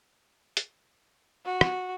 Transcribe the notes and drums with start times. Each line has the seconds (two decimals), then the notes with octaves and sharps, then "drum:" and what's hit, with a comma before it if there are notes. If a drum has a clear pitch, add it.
0.57 drum: hi-hat
1.46 F#4
1.61 drum: rim click